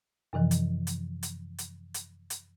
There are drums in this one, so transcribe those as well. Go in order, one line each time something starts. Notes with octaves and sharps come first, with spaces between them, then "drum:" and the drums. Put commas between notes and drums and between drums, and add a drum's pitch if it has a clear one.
F#2 C3 E3 F3
drum: hi-hat
drum: hi-hat
drum: hi-hat
drum: hi-hat
drum: hi-hat
drum: hi-hat